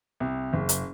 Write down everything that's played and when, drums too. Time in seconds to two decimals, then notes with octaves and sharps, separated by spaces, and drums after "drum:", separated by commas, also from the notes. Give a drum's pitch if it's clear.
0.20 C2
0.53 F#1
0.69 drum: hi-hat